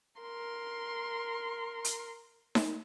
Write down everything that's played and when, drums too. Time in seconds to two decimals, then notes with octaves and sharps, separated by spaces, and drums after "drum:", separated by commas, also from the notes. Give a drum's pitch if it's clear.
0.21 A#4 C6
1.85 drum: hi-hat
2.55 drum: snare D#4